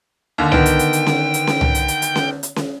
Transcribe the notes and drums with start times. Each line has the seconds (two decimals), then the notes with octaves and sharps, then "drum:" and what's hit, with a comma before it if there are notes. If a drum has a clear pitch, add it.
0.38 D#2 D3
0.52 D3 D#3 B3 G5, drum: tom C2
0.66 drum: hi-hat
0.79 drum: hi-hat
0.93 drum: hi-hat
1.06 drum: snare C#4
1.34 drum: hi-hat
1.47 drum: snare C#4
1.61 drum: tom C2
1.75 drum: hi-hat
1.88 drum: hi-hat
2.02 drum: hi-hat
2.15 drum: snare C#4
2.43 drum: hi-hat
2.56 drum: snare C#4